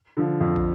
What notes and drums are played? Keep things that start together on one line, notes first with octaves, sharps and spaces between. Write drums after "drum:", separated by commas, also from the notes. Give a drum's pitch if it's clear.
D3 F3
F2
drum: kick